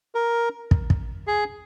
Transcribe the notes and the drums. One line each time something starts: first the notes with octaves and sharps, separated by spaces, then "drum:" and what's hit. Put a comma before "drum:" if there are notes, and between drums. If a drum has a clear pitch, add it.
A#4
drum: kick
drum: kick
G#4